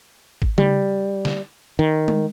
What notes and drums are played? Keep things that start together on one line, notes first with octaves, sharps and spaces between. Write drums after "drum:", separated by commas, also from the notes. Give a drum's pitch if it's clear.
drum: kick
G3, drum: tom C#3
drum: snare
D#3
drum: tom G#3